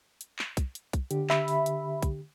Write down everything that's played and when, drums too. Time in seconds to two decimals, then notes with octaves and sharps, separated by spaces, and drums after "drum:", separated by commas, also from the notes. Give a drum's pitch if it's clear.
0.21 drum: hi-hat
0.39 drum: clap
0.57 drum: kick, hi-hat
0.75 drum: hi-hat
0.93 drum: kick, hi-hat
1.11 D3 G4, drum: hi-hat
1.30 E5 B5, drum: clap
1.48 drum: open hi-hat
1.66 drum: hi-hat
2.02 drum: kick, hi-hat